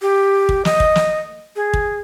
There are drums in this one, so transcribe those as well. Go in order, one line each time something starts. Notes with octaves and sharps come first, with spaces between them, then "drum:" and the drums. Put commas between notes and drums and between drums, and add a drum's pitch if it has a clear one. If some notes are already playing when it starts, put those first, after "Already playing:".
G4
drum: kick
D#5, drum: snare
drum: kick
drum: snare
G#4
drum: kick